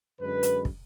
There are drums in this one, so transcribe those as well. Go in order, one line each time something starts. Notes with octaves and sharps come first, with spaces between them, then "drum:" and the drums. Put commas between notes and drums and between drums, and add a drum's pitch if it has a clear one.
F#2 D3 G#3 B4
drum: hi-hat
drum: kick